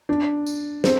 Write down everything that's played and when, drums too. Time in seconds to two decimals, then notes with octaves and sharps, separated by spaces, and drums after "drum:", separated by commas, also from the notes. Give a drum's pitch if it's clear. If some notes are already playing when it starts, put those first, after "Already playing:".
0.09 D4
0.46 drum: tambourine
0.84 C4, drum: snare